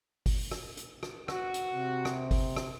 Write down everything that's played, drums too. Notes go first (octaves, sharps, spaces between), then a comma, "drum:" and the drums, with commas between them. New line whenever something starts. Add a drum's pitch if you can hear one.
drum: kick G1, open hi-hat
drum: rim click
drum: hi-hat
drum: rim click
F#4, drum: rim click
drum: hi-hat
C3
drum: rim click
drum: kick G1, open hi-hat
drum: rim click